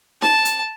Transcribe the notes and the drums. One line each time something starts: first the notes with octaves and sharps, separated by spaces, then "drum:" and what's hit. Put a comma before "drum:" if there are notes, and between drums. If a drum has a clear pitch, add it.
A5, drum: snare
drum: hi-hat